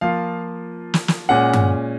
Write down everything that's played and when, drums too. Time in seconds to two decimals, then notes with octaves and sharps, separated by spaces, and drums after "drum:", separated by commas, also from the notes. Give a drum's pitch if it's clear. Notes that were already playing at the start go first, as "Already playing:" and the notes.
0.01 F3 A#3 F4 F5
0.94 drum: snare
1.08 drum: snare
1.29 A#2 G#3 C#4 F#5
1.53 drum: tom G2